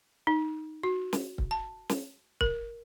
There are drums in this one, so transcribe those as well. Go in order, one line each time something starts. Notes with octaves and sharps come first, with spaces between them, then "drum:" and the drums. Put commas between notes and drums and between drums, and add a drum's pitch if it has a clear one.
D#4
F#4
drum: snare
drum: kick C#1
A5
drum: snare
A#4, drum: kick C#1